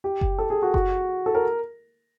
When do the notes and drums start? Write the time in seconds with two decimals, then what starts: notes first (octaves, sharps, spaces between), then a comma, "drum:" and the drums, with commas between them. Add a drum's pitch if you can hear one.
0.04 G4
0.21 drum: kick F#1
0.38 A4
0.50 G#4
0.62 F#4
0.74 F#4, drum: kick F#1
1.26 A4
1.35 A#4